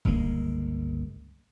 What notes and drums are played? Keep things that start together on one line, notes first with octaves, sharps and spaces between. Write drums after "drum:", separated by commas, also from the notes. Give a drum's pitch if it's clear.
G1 C#2 G#3 A#3, drum: kick D#1